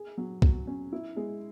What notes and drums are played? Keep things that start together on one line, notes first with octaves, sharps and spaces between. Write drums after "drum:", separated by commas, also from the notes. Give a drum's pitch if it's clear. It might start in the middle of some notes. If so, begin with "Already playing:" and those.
Already playing: G#4
F#3
F#3, drum: kick
C#4
E4
G#3